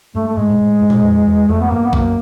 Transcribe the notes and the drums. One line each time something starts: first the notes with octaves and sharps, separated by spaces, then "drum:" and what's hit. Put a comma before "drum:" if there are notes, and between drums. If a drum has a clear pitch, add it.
G2 A3
A3
G#2 G#3
A#2
A2
G2
drum: tom A#2
F2
E2
F2 A3
B3
G2 A#3
B3
F#2 A#3, drum: kick